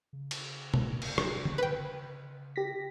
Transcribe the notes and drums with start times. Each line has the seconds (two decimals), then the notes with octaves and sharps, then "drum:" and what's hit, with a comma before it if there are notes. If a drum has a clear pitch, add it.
0.13 C#3
0.31 drum: cymbal
0.74 drum: tom B2
1.02 drum: cymbal
1.18 drum: rim click
1.45 drum: tom D3
1.58 B4 G5
2.56 G4 A#6 B6